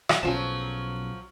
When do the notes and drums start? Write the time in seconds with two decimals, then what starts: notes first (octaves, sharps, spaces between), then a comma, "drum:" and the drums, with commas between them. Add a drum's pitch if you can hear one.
0.09 drum: rim click
0.23 B1 C#3 F3 F#3 C#4 F4 A5